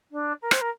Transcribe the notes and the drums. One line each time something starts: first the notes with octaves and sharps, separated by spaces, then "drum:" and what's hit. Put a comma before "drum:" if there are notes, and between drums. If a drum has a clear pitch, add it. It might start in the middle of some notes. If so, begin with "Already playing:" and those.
D4
A#4
C5, drum: rim click
A#4